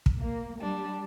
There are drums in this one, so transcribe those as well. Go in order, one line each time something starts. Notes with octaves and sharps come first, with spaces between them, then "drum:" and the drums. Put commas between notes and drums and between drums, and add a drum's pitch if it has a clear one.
drum: kick
A#3
G3 D4